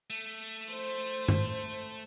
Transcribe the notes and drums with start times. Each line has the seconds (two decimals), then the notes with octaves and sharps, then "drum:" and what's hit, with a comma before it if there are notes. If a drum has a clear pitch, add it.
0.10 A3
0.70 C5
1.28 drum: tom